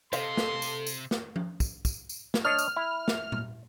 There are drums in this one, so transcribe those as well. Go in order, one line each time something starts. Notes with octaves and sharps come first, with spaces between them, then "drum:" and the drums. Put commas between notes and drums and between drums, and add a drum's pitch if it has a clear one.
C3 A4 C5 D#5 F5 C6, drum: tambourine
drum: snare
drum: tambourine
drum: tambourine
drum: snare
drum: tom F3
drum: kick, tambourine
drum: kick, tambourine
drum: tambourine
drum: snare
D4 C#5 D#5 F6
drum: tambourine
E4
drum: snare
drum: tom A#2